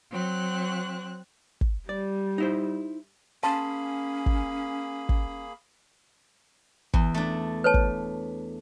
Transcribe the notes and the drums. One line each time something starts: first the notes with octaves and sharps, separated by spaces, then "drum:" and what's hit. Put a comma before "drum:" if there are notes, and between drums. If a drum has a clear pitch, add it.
F#3 C4 F#6
drum: kick
G3 D5
D#4 E4 C5
A#3 C#4 G#4 F5 A5 B5 C6
drum: kick
drum: kick
E2, drum: kick
A3 D4
B4 C#5 A5
drum: kick